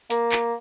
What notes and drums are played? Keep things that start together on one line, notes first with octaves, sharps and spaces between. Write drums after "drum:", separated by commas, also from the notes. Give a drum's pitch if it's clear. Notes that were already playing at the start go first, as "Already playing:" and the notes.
A#3, drum: hi-hat
drum: clap